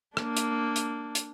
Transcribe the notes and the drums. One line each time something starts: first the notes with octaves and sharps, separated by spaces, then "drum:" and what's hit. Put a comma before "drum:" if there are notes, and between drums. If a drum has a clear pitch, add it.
A#3 D4, drum: rim click
drum: hi-hat
drum: hi-hat
drum: hi-hat